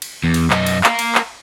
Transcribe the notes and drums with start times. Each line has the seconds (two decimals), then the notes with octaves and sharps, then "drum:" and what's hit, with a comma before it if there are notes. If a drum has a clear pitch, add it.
0.02 drum: cymbal
0.24 E2
0.34 drum: cymbal
0.50 F#2 D#4, drum: clap
0.67 drum: cymbal
0.84 A#4 F5, drum: clap
0.99 drum: cymbal
1.15 drum: clap